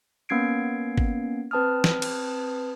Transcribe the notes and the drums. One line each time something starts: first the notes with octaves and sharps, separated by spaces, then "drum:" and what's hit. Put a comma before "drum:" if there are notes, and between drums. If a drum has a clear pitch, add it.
A#3 B3 C#4 G#6 C7 D7
drum: kick G1
C4 B4 A5 D#6 F6
drum: snare
drum: cymbal